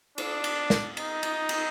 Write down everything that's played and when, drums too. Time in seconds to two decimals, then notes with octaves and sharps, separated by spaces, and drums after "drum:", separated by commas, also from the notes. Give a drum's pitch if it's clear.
0.18 D4, drum: cymbal
0.44 drum: cymbal
0.70 drum: snare
0.97 D#4, drum: cymbal
1.23 drum: cymbal
1.49 drum: cymbal